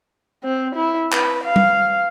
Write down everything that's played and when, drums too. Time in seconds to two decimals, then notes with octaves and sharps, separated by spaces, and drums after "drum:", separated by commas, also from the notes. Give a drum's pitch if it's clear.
0.44 C4
0.76 E4
1.12 B4, drum: clap
1.44 F5
1.56 drum: tom